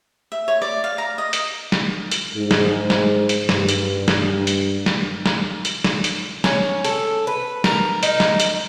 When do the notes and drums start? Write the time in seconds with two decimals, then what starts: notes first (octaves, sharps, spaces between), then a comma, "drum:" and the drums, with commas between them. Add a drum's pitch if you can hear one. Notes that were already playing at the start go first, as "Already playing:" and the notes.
0.32 E5
0.48 C#5
0.62 D5
0.84 F5
0.98 A#5
1.18 D#5
1.33 drum: hi-hat
1.72 drum: snare
2.11 drum: hi-hat
2.35 G#2
2.51 drum: snare
2.90 drum: snare
3.29 drum: hi-hat
3.49 G2, drum: snare
3.69 drum: hi-hat
4.08 drum: snare
4.47 drum: hi-hat
4.86 drum: snare
5.26 drum: snare
5.65 drum: hi-hat
5.84 drum: snare
6.04 drum: hi-hat
6.44 C#4, drum: snare
6.85 A4, drum: hi-hat
7.27 B4
7.64 A#4, drum: snare
8.03 D#4, drum: hi-hat
8.20 drum: snare
8.40 drum: hi-hat